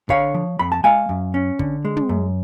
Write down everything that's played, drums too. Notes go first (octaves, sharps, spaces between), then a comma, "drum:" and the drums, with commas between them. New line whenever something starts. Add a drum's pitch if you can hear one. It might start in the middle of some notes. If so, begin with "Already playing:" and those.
D3 C#5 F5, drum: kick
F3
F2 B5
A5
G#3 F5 G#5
F#2
C#4
D3, drum: kick
G#3
drum: tom
F#2